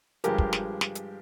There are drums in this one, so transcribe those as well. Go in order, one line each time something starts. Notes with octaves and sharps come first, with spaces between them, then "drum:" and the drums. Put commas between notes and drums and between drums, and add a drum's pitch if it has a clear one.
G2 F3 G#3 G4 A#4, drum: hi-hat
drum: kick
drum: snare
drum: snare
drum: hi-hat